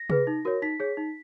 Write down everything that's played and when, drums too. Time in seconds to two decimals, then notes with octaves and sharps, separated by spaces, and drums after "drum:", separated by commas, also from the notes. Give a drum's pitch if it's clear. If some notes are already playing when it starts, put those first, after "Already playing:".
Already playing: A#6
0.10 G#4 B4, drum: tom C3
0.27 D#4
0.45 F#4 A#4 C#5
0.62 D#4 B6
0.80 G#4 C#5
0.97 D#4